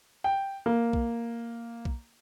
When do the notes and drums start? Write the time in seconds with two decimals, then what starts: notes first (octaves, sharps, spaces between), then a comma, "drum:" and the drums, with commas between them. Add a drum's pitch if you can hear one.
0.24 G5
0.66 A#3
0.93 drum: kick B1
1.85 drum: kick B1